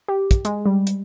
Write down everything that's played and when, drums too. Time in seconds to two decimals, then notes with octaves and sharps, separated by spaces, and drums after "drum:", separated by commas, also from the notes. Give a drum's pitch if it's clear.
0.08 G4
0.31 drum: kick, hi-hat
0.45 G#3, drum: hi-hat
0.66 G3
0.87 drum: hi-hat